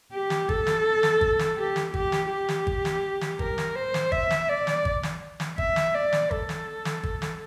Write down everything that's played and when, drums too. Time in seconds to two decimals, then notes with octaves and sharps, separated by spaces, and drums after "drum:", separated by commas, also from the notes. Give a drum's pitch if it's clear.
0.13 G4
0.30 drum: snare
0.49 A4, drum: kick G#1
0.67 drum: snare
1.03 drum: snare
1.21 drum: kick G#1
1.39 drum: snare
1.58 G4
1.76 drum: snare
1.94 G4, drum: kick G#1
2.12 drum: snare
2.31 G4
2.49 drum: snare
2.67 drum: kick G#1
2.85 drum: snare
3.21 drum: snare
3.39 A#4, drum: kick G#1
3.58 drum: snare
3.75 C5
3.94 drum: snare
4.12 E5, drum: kick G#1
4.31 drum: snare
4.49 D5
4.67 drum: snare
4.85 drum: kick G#1
5.03 drum: snare
5.40 drum: snare
5.58 E5, drum: kick G#1
5.76 drum: snare
5.94 D5
6.12 drum: snare
6.31 A4, drum: kick G#1
6.49 drum: snare
6.85 drum: snare
7.03 drum: kick G#1
7.22 drum: snare